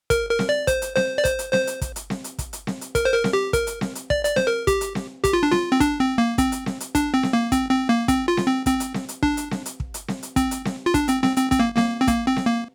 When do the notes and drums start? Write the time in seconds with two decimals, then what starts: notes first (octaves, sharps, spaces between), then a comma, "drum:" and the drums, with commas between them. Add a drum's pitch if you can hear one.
0.10 A#4, drum: kick, hi-hat
0.30 A#4
0.39 drum: snare C4
0.49 D5
0.67 C5, drum: kick, hi-hat
0.82 drum: hi-hat
0.96 C5, drum: snare C4
1.18 D5
1.25 C5, drum: kick, hi-hat
1.39 drum: hi-hat
1.53 C5, drum: snare C4
1.67 drum: hi-hat
1.81 drum: kick, hi-hat
1.96 drum: hi-hat
2.10 drum: snare C4
2.24 drum: hi-hat
2.39 drum: kick, hi-hat
2.53 drum: hi-hat
2.67 drum: snare C4
2.81 drum: hi-hat
2.95 A#4, drum: kick, hi-hat
3.05 C5
3.14 A#4
3.24 drum: snare C4
3.33 G4
3.53 A#4, drum: kick, hi-hat
3.67 drum: hi-hat
3.81 drum: snare C4
3.95 drum: hi-hat
4.10 D5, drum: kick
4.25 D5, drum: hi-hat
4.36 C5, drum: snare C4
4.47 A#4
4.67 G4, drum: kick, hi-hat
4.81 drum: hi-hat
4.95 drum: snare C4
5.24 G4, drum: kick, hi-hat
5.33 F4
5.43 D4
5.52 F4, drum: snare C4
5.72 C4
5.80 D4, drum: kick, hi-hat
6.00 C4
6.18 A#3
6.38 C4, drum: kick, hi-hat
6.52 drum: hi-hat
6.66 drum: snare C4
6.80 drum: hi-hat
6.95 D4, drum: kick, hi-hat
7.14 C4
7.23 drum: snare C4
7.33 A#3
7.52 C4, drum: kick, hi-hat
7.70 C4
7.89 A#3
8.08 C4, drum: kick, hi-hat
8.28 F4
8.37 drum: snare C4
8.47 C4
8.66 C4, drum: kick, hi-hat
8.80 drum: hi-hat
8.94 drum: snare C4
9.09 drum: hi-hat
9.23 D4, drum: kick
9.37 drum: hi-hat
9.51 drum: snare C4
9.66 drum: hi-hat
9.80 drum: kick
9.94 drum: hi-hat
10.08 drum: snare C4
10.23 drum: hi-hat
10.36 C4, drum: kick, hi-hat
10.51 drum: hi-hat
10.65 drum: snare C4
10.86 F4
10.94 D4, drum: kick, hi-hat
11.08 C4, drum: hi-hat
11.23 C4, drum: snare C4
11.37 C4, drum: hi-hat
11.52 C4, drum: kick, hi-hat
11.60 A#3
11.77 A#3, drum: snare C4
12.01 C4
12.07 A#3, drum: kick, hi-hat
12.27 C4
12.36 drum: snare C4
12.46 A#3